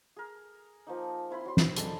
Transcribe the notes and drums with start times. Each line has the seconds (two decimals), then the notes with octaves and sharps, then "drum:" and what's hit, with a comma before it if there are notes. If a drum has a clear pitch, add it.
0.16 G#4 A#4
0.87 F3 A#3 D#4
1.30 C4 E4 B5 C6
1.45 F#3 C6
1.57 drum: snare
1.76 G#3 D4 A4 A5, drum: hi-hat